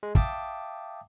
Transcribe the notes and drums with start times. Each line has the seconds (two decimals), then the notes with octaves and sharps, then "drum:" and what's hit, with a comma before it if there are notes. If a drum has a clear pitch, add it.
0.03 G#3
0.15 E5 F5 G5 A5 D6 D#6, drum: kick